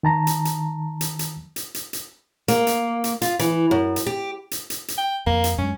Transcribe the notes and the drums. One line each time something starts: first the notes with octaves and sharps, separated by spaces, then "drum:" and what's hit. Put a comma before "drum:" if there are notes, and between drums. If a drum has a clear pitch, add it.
D#3 A5 A#5
drum: hi-hat
drum: hi-hat
drum: hi-hat
drum: hi-hat
drum: hi-hat
drum: hi-hat
drum: hi-hat
A#3, drum: hi-hat
drum: hi-hat
drum: hi-hat
F4, drum: hi-hat
E3, drum: hi-hat
F#2
drum: hi-hat
G4
drum: hi-hat
drum: hi-hat
drum: hi-hat
G5
F2 A#3
drum: hi-hat
F#2 G#3 C#4